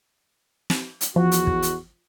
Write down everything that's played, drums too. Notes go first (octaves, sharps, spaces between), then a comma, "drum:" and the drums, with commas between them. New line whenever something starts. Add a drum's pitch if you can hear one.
drum: snare
drum: hi-hat
E2 F3 F#4
drum: hi-hat
drum: kick
drum: hi-hat